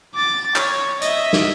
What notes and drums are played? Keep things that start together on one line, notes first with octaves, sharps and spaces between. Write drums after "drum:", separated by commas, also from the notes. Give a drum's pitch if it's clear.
D6 A6
C#5, drum: clap
D#5 E5, drum: hi-hat
drum: snare